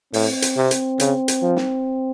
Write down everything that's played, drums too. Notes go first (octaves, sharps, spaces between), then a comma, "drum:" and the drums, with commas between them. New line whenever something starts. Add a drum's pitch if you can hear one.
A2 C4, drum: open hi-hat
drum: hi-hat
C3
drum: hi-hat
C#3, drum: hi-hat
drum: hi-hat
F3
drum: snare